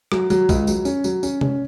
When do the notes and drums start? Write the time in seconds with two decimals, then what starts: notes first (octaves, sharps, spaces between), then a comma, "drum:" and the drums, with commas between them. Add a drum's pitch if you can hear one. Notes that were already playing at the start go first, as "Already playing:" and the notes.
0.12 F#3, drum: rim click
0.30 F#3, drum: tambourine
0.49 C#2, drum: kick, tambourine
0.67 F#3, drum: tambourine
0.85 C#4, drum: tambourine
1.04 F#3, drum: tambourine
1.23 C#4, drum: tambourine
1.41 C#4, drum: tom C3